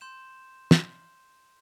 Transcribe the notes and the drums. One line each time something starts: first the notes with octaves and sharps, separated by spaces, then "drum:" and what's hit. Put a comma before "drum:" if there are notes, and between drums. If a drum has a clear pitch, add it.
C6 G6 E7
drum: snare